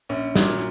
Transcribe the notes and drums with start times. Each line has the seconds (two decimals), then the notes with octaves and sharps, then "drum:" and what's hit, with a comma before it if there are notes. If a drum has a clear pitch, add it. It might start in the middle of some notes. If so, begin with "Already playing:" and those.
0.09 A#1 C#4
0.35 A#2 F#3, drum: snare